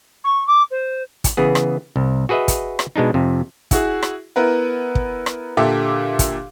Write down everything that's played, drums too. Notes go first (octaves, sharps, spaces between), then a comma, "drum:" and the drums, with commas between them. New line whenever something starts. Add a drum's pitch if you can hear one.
C#6
D6
C5
drum: kick, hi-hat
C#3 E3 B3 G#4
drum: rim click
C2
F#4 G#4 B4 D#5 E5
drum: kick, hi-hat
drum: rim click
B2 G#3 D4 D#4
F2 C3
E4 F#4 G#4, drum: kick, hi-hat
drum: rim click
B3 E4 A#4 B4
drum: kick
drum: rim click
A#2 D3 G4 A4 E5 D6
drum: kick, hi-hat